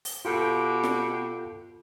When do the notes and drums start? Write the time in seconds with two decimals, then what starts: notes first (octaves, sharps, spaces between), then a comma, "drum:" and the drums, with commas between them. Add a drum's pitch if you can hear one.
0.05 drum: open hi-hat
0.25 B2 F4 G4 A4
0.83 drum: snare